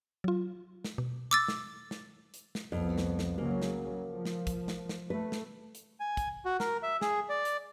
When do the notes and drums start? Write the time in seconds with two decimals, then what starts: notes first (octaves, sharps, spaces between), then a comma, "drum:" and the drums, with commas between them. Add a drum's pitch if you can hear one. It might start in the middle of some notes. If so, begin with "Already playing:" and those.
0.24 F#3 F4
0.85 drum: snare
0.98 B2
1.31 D6 E6 A6
1.48 drum: snare
1.91 drum: snare
2.34 drum: hi-hat
2.55 drum: snare
2.72 C2 F2 F3 B3
2.98 drum: snare
3.19 drum: snare
3.38 C#3 F#3 A#3
3.62 drum: snare
4.09 F3
4.25 drum: snare
4.47 drum: kick, hi-hat
4.68 drum: snare
4.89 drum: snare
5.10 A3 B4
5.32 drum: snare
5.75 drum: hi-hat
6.00 G#5
6.17 drum: kick, hi-hat
6.45 F#4
6.60 A#4, drum: snare
6.83 E5
7.01 G#4, drum: snare
7.29 D5
7.45 drum: hi-hat